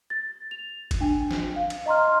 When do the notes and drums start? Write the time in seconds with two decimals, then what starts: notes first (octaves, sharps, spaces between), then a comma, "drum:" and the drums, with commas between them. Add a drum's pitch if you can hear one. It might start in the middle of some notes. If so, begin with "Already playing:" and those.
0.10 A6
0.51 F7
0.91 drum: kick, cymbal
1.01 D4 G5
1.31 drum: snare
1.56 F5
1.70 drum: cymbal
1.86 D#5 A#5 C6 F6